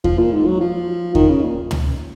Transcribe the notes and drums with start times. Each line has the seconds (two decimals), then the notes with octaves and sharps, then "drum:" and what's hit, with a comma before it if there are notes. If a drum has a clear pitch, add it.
0.04 F3, drum: kick E2
0.19 A#2
0.33 G#2
0.46 F#3
0.61 F3
1.15 D#3, drum: kick E2
1.29 C#3
1.43 A#2
1.71 drum: tom